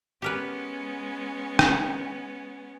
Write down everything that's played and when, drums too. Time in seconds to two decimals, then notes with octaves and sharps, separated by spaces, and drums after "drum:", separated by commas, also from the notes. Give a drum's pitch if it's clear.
0.22 G#3 B3 C#4 G4 A#4 B4
1.59 drum: rim click